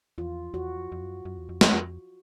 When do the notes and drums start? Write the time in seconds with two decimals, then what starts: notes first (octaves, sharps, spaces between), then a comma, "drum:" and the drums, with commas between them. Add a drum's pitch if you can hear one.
0.18 E2 F4
0.54 E2 F#4
0.78 F2
0.92 F2
1.02 F#2
1.25 F#2
1.37 E2
1.49 F2
1.61 drum: snare
1.73 F2